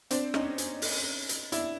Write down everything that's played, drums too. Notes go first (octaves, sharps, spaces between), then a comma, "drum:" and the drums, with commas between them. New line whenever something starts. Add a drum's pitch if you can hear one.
C4 D4, drum: hi-hat
C#4 D#4, drum: rim click
drum: hi-hat
drum: open hi-hat
drum: hi-hat
D4 E4, drum: hi-hat